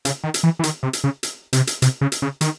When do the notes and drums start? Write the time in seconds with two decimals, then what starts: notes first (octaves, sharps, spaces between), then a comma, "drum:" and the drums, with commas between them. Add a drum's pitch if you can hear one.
0.05 C#3, drum: hi-hat
0.23 D#3
0.34 drum: hi-hat
0.43 E3
0.59 E3
0.63 D#3, drum: hi-hat
0.83 C3
0.93 drum: hi-hat
1.04 C#3
1.23 drum: hi-hat
1.53 C3, drum: hi-hat
1.67 drum: hi-hat
1.82 C3, drum: hi-hat
2.01 C#3
2.12 drum: hi-hat
2.22 C#3
2.41 D#3, drum: hi-hat